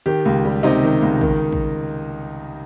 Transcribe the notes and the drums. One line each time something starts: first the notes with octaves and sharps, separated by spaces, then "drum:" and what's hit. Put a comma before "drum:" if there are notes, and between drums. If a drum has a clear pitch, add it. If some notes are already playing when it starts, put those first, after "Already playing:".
D#3 G4
C#2
G3
C3 D#4
D#3
C#2
D#3, drum: kick
drum: kick